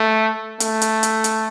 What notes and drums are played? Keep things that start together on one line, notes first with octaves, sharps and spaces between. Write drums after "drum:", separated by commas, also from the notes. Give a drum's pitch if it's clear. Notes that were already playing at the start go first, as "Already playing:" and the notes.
Already playing: A3
A3, drum: hi-hat
drum: hi-hat
drum: hi-hat
drum: hi-hat